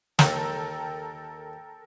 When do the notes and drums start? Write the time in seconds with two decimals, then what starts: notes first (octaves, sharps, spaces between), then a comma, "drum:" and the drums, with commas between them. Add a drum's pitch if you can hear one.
0.19 D#2 A4 A#4 G5, drum: snare